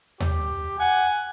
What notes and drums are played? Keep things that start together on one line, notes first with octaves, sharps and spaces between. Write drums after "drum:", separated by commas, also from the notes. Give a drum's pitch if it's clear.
G4, drum: tom D#2
F#5 G#5